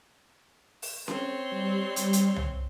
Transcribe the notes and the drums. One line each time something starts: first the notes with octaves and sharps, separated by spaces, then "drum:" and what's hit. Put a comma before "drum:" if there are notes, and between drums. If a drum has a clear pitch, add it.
drum: open hi-hat
C4 C#5 C6, drum: snare C#4
G3
drum: hi-hat
drum: hi-hat
drum: tom C2